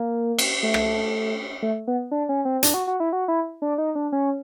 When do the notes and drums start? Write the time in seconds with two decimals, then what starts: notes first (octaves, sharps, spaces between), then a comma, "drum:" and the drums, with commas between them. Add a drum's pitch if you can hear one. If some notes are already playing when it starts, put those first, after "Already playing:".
Already playing: A#3
0.38 drum: cymbal
0.63 A3
0.74 drum: rim click
1.62 A3
1.88 B3
2.11 D4
2.29 C#4
2.45 C4
2.63 D4, drum: hi-hat
2.74 F#4
2.87 F#4
3.00 E4
3.13 F#4
3.28 E4
3.62 D4
3.78 D#4
3.95 D4
4.12 C#4